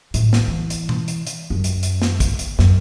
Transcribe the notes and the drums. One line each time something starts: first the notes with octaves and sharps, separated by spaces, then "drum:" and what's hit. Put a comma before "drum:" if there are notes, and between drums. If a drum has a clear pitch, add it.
A2, drum: hi-hat
drum: snare
E3
drum: hi-hat
drum: tom B2
drum: hi-hat
drum: hi-hat
F#2
drum: hi-hat
drum: hi-hat
drum: snare
drum: kick, hi-hat
drum: hi-hat
F#2, drum: snare